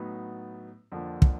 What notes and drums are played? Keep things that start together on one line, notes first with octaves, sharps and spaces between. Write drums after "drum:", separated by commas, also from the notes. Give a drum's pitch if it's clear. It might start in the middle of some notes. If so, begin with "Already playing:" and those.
Already playing: A2 F#3 B3 D#4
F2 D3 F3 A#3
drum: kick